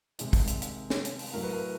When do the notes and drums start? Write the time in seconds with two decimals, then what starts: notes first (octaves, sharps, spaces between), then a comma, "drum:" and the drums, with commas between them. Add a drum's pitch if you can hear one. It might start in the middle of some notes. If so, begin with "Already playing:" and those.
0.19 C3 D#3 G#3, drum: hi-hat
0.33 drum: kick, open hi-hat
0.47 drum: hi-hat
0.62 drum: hi-hat
0.90 drum: snare
1.05 drum: hi-hat
1.19 drum: open hi-hat
1.33 A2 F#3 A3 A#4
1.43 B4
1.54 A#4